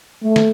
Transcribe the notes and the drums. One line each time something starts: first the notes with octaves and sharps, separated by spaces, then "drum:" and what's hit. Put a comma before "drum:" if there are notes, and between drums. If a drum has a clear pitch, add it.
A3
drum: snare